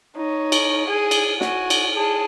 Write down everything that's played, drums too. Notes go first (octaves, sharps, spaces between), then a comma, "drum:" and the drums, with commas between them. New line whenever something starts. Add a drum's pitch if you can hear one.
D#4 C#5
drum: cymbal
G#4 G#5
drum: cymbal
F#4 G#5, drum: snare
drum: cymbal
G#4 A5